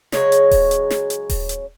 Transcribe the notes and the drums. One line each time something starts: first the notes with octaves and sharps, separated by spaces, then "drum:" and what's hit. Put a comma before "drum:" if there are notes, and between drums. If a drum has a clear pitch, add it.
C#3 F#3 G#3 C#5, drum: snare
drum: hi-hat
drum: kick D#1, open hi-hat
drum: hi-hat
drum: snare
drum: hi-hat
drum: kick D#1, open hi-hat
drum: hi-hat